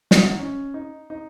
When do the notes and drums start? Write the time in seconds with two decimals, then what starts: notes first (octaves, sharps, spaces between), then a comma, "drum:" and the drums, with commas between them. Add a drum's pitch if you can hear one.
0.11 F#4, drum: snare
0.19 E4
0.29 D#4
0.39 C#4
0.74 D#4
1.10 D#4